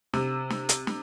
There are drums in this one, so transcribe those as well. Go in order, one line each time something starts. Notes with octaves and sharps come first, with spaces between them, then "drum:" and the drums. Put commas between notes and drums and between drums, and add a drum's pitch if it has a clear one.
C3, drum: snare
drum: snare
drum: hi-hat
drum: snare